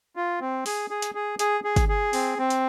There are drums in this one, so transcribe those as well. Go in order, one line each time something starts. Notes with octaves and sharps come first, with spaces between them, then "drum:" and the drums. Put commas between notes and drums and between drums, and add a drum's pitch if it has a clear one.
F4
C4
G#4, drum: open hi-hat
G#4
drum: hi-hat
G#4
G#4, drum: hi-hat
G#4
drum: kick, hi-hat
G#4
C4, drum: open hi-hat
C4
drum: hi-hat